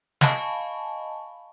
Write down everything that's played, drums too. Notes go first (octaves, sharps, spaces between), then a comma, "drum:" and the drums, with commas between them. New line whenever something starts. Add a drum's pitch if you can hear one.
D#5 F5 G#5 A5 B5 C#6, drum: snare